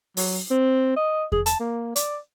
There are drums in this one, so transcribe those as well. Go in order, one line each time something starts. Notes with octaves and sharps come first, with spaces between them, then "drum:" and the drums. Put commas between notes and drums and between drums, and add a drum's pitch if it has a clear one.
F#3, drum: open hi-hat
C4
D#5
G#4, drum: kick E2
A5, drum: hi-hat
A#3
D5, drum: hi-hat